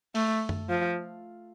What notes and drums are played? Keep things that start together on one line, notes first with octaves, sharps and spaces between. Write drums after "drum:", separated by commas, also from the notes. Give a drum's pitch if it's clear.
A3, drum: open hi-hat
drum: tom F#2
F3